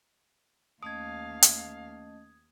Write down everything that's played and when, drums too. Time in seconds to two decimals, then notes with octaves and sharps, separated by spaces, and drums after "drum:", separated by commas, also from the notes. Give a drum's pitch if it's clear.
0.83 D#2 A3 C#4 D#5 F5 D#6 G#6
1.42 drum: hi-hat